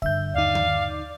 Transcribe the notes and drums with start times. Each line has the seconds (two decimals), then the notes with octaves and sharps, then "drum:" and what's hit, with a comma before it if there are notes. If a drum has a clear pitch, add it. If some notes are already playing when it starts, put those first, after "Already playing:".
0.02 G2 D3 E5 G6, drum: kick
0.34 D#2 D#4 D5 F5
0.55 drum: tom D3